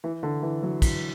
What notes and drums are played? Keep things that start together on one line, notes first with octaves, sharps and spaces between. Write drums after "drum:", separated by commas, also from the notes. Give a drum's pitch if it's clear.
E3
D3
E3
F#3
drum: kick, cymbal